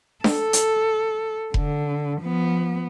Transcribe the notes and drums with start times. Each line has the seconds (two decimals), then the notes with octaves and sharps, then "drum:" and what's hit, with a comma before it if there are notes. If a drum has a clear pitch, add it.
0.24 A4, drum: snare D4
0.53 drum: hi-hat
1.54 D3, drum: kick F1
2.21 F3 B3